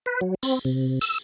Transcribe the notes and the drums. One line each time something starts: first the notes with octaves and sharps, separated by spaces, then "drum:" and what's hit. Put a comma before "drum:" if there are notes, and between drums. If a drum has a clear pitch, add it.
B4
F#3
C4, drum: tambourine
C3
E6, drum: tambourine